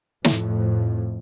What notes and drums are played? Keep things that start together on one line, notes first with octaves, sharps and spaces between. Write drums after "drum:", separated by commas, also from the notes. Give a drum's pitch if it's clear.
F2 A2, drum: snare